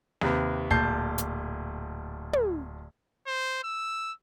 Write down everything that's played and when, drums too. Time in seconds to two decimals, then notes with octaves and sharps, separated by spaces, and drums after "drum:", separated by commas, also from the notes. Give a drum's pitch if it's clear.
0.21 D#2 C3 B4, drum: snare
0.71 D1 A#2 A5 G6 C7, drum: kick
1.18 drum: hi-hat
2.33 drum: tom
3.27 C5
3.63 E6